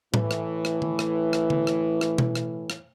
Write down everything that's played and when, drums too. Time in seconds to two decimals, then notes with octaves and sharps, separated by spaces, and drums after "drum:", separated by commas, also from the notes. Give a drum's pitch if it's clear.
0.14 A2 E3, drum: tom A2
0.31 drum: rim click
0.65 drum: rim click
0.82 drum: tom D#3
0.99 drum: rim click
1.33 drum: rim click
1.50 drum: tom D3
1.67 drum: rim click
2.01 drum: rim click
2.18 drum: tom B2
2.35 drum: rim click
2.70 drum: rim click